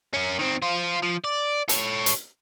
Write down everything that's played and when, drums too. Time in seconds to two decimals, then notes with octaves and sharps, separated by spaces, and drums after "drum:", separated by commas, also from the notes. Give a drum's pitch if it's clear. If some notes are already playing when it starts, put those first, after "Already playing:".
0.14 C#4 A#4
0.39 D#3 C4
0.62 F4 C5
1.02 F3
1.24 D5
1.69 A4 C#5, drum: hi-hat
2.06 drum: hi-hat